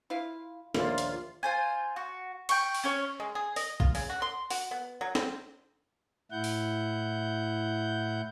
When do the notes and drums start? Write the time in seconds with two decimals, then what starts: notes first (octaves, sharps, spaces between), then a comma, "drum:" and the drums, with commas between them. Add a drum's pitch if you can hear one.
0.10 E4 F4 F5
0.74 A#1 D#2 A#3 F4 E5, drum: snare
0.98 drum: hi-hat
1.43 F4 C5 G#5
1.96 F#4
2.49 G5 C#6, drum: cymbal
2.75 drum: open hi-hat
2.84 C#4 C#5
3.20 G#3
3.35 G#4
3.56 D#5, drum: open hi-hat
3.80 F4, drum: kick A#1
3.95 C#3, drum: open hi-hat
4.09 F#4
4.22 C6
4.50 F#4, drum: open hi-hat
4.71 B3
5.01 F#3
5.15 C4, drum: snare
6.31 A2 E4 F#5 G6
6.44 drum: open hi-hat